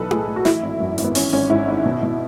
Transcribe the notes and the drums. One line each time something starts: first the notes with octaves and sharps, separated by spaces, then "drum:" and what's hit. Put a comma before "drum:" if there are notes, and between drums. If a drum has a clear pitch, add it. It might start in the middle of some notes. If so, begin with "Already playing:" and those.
Already playing: B1 E3 A4 B4
A2 G#4, drum: tom E4
A2
F#4
E3 E4, drum: snare
G#1
F#2
G#1, drum: hi-hat
B3
E3 C#4, drum: open hi-hat
G#1 C#4
G#2 E4
G#1
B2
B2